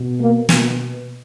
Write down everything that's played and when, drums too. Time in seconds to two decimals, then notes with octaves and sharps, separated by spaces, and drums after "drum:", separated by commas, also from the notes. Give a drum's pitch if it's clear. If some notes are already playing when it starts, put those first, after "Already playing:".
Already playing: B2
0.20 A#3
0.49 B2 A#3, drum: snare